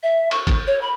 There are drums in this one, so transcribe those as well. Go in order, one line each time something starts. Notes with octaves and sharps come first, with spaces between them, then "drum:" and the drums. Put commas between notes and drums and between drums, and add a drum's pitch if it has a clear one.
E5
C#6, drum: cymbal
drum: kick G1, cymbal
C#5
B5